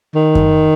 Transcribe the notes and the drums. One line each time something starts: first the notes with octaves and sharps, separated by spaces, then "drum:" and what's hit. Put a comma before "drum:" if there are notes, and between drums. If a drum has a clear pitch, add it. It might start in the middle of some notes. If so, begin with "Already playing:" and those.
D#3
drum: kick F#2